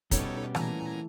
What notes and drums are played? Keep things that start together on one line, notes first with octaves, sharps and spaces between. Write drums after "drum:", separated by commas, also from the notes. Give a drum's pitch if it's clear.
B2 G3 B3 C#4 D#4 G4 A4 C#5, drum: kick, hi-hat
A#2 E3 A3 G#5 A#5, drum: rim click